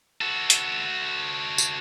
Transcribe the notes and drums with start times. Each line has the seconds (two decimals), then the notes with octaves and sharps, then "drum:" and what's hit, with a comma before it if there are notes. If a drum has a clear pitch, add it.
0.21 F#4 A4
0.50 drum: hi-hat
1.58 drum: tambourine